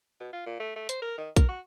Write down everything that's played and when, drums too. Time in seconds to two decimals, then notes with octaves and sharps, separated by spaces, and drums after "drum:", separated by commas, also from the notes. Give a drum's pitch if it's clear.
0.20 B2
0.33 F4
0.46 A#2
0.60 A3
0.76 A3
0.89 C5, drum: hi-hat
1.02 A#4
1.18 D#3
1.36 A#4, drum: kick A#1, hi-hat
1.49 F#4